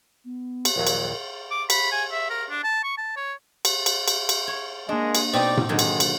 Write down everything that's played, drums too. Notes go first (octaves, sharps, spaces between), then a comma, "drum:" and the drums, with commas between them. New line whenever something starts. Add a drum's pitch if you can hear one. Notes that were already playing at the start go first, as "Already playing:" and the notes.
B3
drum: cymbal
A#1 D#2 F#3 A#4
drum: cymbal
D6
B5, drum: cymbal
G#5
E5
A#4
D4
A5
C#6
A5
C#5
drum: cymbal
drum: cymbal
drum: cymbal
drum: cymbal
C#5
G#3 A#3 D4 D#5
drum: cymbal
B2 C4 D#4 G4 D5
drum: tom A2
D3 D#3 F#3 G#3
drum: cymbal
drum: cymbal